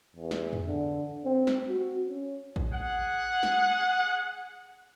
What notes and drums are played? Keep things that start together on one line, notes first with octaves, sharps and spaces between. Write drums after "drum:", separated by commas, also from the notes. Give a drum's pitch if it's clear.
E2
drum: snare
drum: tom F2
D3
C4
drum: snare
F#4
C#4
drum: kick A1
G#4 F#5
drum: snare